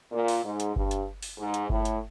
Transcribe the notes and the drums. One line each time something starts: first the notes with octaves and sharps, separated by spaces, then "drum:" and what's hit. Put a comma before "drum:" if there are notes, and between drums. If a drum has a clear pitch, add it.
A#2
drum: open hi-hat
G#2
drum: hi-hat
G2, drum: kick G1
drum: hi-hat
drum: open hi-hat
G#2
drum: hi-hat
A2, drum: kick G1
drum: hi-hat